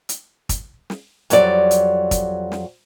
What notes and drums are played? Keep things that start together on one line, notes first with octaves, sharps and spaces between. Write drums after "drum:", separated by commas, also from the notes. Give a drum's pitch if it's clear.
drum: hi-hat
drum: kick, hi-hat
drum: snare
F2 F#3 G3 D5, drum: hi-hat
drum: hi-hat
drum: kick, hi-hat
drum: snare